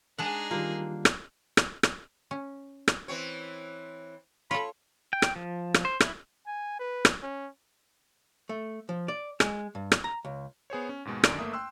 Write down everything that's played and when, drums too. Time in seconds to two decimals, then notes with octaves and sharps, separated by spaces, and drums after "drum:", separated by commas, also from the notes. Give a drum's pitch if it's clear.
0.18 G#3 D4 D#4 G#4 F#5
0.51 D#3 G3 A#3 F4
1.05 drum: rim click
1.57 drum: rim click
1.83 drum: rim click
2.31 C#4
2.88 drum: rim click
3.08 E3 C4 C#5
4.51 F4 A4 C#5 B5
5.13 G5
5.22 drum: rim click
5.36 F3
5.74 drum: rim click
5.85 C5
6.00 E4, drum: rim click
6.47 G#5
6.80 B4
7.05 drum: rim click
7.23 C#4
8.49 A3
8.89 F3
9.08 D5
9.40 G#3, drum: rim click
9.75 G2
9.92 drum: rim click
10.04 A#5
10.25 C#2
10.70 B3 G#4 C5 C#5
10.89 C#4
11.05 D#2 G#2 B2 G#3
11.24 F#2 D3 D#3 D5 D7, drum: rim click
11.39 G1 A3 A#3 E5 D#6
11.53 G5 C6 E6 F#6